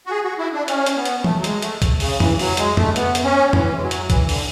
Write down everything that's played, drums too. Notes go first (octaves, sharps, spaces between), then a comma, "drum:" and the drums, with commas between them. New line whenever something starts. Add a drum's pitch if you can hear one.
F#4
G#4
F#4
E4
D4
C#4, drum: hi-hat
drum: hi-hat
B3
drum: hi-hat
A3, drum: tom
F#3
G#3, drum: hi-hat
A3, drum: hi-hat
drum: kick, hi-hat
C#3, drum: open hi-hat
E3, drum: tom F2
F#3, drum: open hi-hat
G#3, drum: hi-hat
A3, drum: tom F2
B3, drum: hi-hat
drum: hi-hat
C#4
E3, drum: tom F2
G#3
F#3
drum: hi-hat
E3, drum: kick, hi-hat
D3, drum: open hi-hat